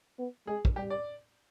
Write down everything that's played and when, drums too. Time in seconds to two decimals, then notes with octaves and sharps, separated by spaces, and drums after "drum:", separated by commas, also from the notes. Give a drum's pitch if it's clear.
0.19 B3
0.47 G#3 G#4
0.65 drum: kick
0.76 G3 G4
0.90 D5